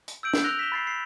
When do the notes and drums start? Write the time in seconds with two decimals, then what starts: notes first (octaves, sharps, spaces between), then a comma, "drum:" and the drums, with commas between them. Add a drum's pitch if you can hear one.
0.08 drum: hi-hat
0.23 E6 G6 D7 F#7
0.34 drum: snare
0.44 E6 F#6 A#6 F7 G7
0.59 B6 E7 G7
0.72 B5 A6 C7
0.87 C7